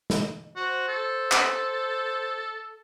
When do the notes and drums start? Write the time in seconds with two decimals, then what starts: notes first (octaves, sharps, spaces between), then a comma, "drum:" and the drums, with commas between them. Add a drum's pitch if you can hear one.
0.10 drum: snare
0.56 F#4 C5
0.88 A4
1.31 drum: clap